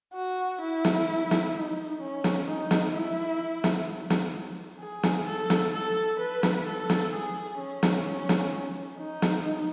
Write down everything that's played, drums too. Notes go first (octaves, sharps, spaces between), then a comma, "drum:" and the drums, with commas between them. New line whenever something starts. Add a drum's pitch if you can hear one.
F#4
E4
drum: snare
drum: snare
D#4
C#4
drum: snare
D#4
drum: snare
E4
drum: snare
drum: snare
G#4
drum: snare
A4
drum: snare
A4
B4
drum: snare
A4
drum: snare
G#4
C#4
drum: snare
drum: snare
D#4
drum: snare